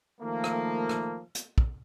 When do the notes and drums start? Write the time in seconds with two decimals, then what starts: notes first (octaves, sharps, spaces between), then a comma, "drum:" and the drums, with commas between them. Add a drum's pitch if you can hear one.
0.21 D#3 F3 A3 A#3
0.44 drum: rim click
0.89 drum: rim click
1.35 drum: hi-hat
1.58 drum: kick